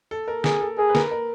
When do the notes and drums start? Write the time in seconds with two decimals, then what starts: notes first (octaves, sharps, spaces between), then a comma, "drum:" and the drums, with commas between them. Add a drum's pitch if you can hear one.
0.11 A4
0.28 A#4
0.44 G#4 A#4, drum: snare
0.61 A4
0.78 G#4 A#4
0.89 B4
0.95 A#4, drum: snare
1.11 A#4